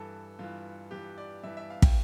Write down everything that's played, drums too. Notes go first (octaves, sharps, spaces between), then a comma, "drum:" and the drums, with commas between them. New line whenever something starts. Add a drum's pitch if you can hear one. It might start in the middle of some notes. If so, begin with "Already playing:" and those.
Already playing: G2 E3 A4
G2 E3 F4
G2 E3 G4
D5
G2 E3 E5
E5
F5
G5, drum: kick